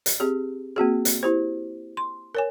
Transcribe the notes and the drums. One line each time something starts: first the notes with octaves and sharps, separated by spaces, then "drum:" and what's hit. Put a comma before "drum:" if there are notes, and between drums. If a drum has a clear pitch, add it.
drum: hi-hat
C4 G4 G#4
A#3 C4 F#4 G#4
drum: hi-hat
E4 G4 C5
C6
A#4 C#5 G#5